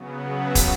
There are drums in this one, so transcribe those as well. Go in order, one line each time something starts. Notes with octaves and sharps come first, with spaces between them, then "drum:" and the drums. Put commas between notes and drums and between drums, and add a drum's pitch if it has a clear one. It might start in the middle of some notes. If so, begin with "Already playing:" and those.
Already playing: C#3 F#3 B3
E5
drum: kick, hi-hat